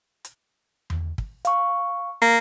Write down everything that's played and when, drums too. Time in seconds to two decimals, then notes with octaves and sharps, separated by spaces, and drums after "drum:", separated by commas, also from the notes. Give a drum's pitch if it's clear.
0.25 drum: hi-hat
0.90 drum: tom E2
1.18 drum: kick
1.45 F5 C#6, drum: hi-hat
2.22 A#3